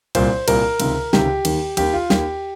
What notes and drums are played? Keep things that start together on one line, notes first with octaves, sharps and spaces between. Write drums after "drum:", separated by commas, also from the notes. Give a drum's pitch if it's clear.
C2 A#2 C5, drum: cymbal
C2 A#2 A#4, drum: cymbal
C#2 C3 D#3, drum: cymbal
C#2 C3 D#3 G4, drum: snare
D#2 D#3, drum: cymbal
D#2 D#3 G4, drum: cymbal
F4
D#2 D#3 G4, drum: snare